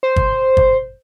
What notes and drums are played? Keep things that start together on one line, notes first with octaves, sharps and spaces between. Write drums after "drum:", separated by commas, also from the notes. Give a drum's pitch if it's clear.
C5
drum: kick G1
drum: kick G1